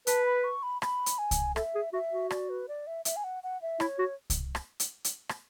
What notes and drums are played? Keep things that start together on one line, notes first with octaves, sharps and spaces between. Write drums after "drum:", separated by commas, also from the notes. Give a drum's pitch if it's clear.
B4 A5, drum: hi-hat
B5
C#6
B5
B5, drum: rim click
drum: hi-hat
G#5
drum: kick C2, hi-hat
A4 E5, drum: rim click
G#4
F#4 E5
F#4
D5, drum: rim click
B4
D5
E5
E5, drum: hi-hat
G#5
F#5
F#5
E5
E4 C#5, drum: rim click
F#4
drum: kick C2, hi-hat
drum: rim click
drum: hi-hat
drum: hi-hat
drum: rim click